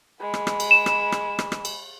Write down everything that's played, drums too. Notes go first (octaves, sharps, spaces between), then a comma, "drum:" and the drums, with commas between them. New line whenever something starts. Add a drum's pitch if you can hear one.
G#3 B5
drum: rim click
drum: rim click
drum: cymbal
E7
drum: rim click
drum: rim click
drum: rim click
drum: rim click
drum: cymbal